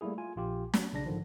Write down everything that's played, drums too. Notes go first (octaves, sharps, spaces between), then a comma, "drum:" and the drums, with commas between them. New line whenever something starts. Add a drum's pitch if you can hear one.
G3 A3 A#3 E4 G#4
F4 G#5
A#1 F4 G4
F#3 C#4, drum: snare
B1 C#3 D4 A#6
G#2 D3 D#3 F3